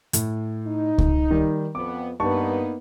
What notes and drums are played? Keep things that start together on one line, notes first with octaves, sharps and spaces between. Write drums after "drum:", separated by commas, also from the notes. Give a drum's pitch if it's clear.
A2, drum: hi-hat
D#4
drum: kick C#2
D#3 G3
F2 B3 D6
G2 A#3 B3 D#4 A5 C#6